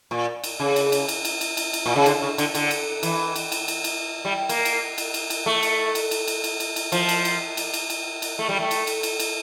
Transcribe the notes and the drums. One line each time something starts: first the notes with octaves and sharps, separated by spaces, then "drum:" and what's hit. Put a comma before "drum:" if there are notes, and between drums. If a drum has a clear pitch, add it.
A#2
drum: cymbal
C#3
drum: cymbal
drum: cymbal
drum: cymbal
drum: cymbal
drum: cymbal
drum: cymbal
drum: cymbal
A#2
C#3
D3, drum: cymbal
C#3
D3, drum: cymbal
D3, drum: cymbal
drum: cymbal
E3, drum: cymbal
drum: cymbal
drum: cymbal
drum: cymbal
drum: cymbal
G3
A#3, drum: cymbal
drum: cymbal
drum: cymbal
drum: cymbal
drum: cymbal
A3
drum: cymbal
drum: cymbal
drum: cymbal
drum: cymbal
drum: cymbal
drum: cymbal
drum: cymbal
F3, drum: cymbal
drum: cymbal
drum: cymbal
drum: cymbal
drum: cymbal
drum: cymbal
drum: cymbal
A3
G3
A3
drum: cymbal
drum: cymbal
drum: cymbal
drum: cymbal